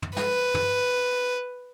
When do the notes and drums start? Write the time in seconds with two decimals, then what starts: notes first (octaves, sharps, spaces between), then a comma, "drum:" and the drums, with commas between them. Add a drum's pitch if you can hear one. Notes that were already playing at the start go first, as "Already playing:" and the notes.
0.02 drum: tom
0.16 B4, drum: snare
0.54 drum: tom